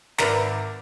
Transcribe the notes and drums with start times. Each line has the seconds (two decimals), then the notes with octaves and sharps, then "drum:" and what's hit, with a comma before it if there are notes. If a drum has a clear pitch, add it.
0.18 G#1 A#4 B4 D5 E5 A#5, drum: snare